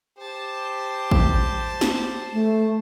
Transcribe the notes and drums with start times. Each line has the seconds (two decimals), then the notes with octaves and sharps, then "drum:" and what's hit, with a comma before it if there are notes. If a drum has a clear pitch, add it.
0.18 G4 C5 A5
1.11 drum: kick
1.81 drum: snare
2.33 A3